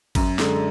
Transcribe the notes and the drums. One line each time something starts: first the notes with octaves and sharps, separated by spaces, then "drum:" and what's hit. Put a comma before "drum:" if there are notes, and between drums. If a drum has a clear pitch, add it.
F#2, drum: kick G#1, cymbal
D3 G#3, drum: snare